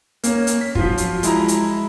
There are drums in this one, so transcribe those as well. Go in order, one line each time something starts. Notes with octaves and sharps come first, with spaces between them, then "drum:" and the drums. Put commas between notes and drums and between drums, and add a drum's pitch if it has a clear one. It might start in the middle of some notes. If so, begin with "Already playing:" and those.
A#3 C#4, drum: hi-hat
drum: hi-hat
B6
F3 F#3 F4, drum: kick
drum: hi-hat
G#3 E4 A#5, drum: hi-hat
drum: hi-hat